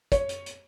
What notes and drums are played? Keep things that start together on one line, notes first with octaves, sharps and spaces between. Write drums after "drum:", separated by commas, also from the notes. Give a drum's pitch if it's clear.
C#5, drum: kick, hi-hat
drum: hi-hat
drum: hi-hat